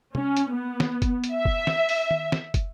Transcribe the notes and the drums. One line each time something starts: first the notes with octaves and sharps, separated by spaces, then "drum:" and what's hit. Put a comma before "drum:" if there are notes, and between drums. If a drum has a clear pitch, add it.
C#4, drum: tom
drum: hi-hat
B3
drum: snare
drum: kick, hi-hat
drum: hi-hat
E5
drum: kick
drum: snare
drum: open hi-hat
drum: tom D#3
drum: snare
drum: kick, hi-hat